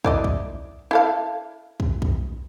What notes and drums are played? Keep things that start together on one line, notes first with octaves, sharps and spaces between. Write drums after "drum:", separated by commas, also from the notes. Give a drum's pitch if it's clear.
E4 D5 D#5, drum: kick
drum: kick
E4 A4 F5
drum: kick
drum: kick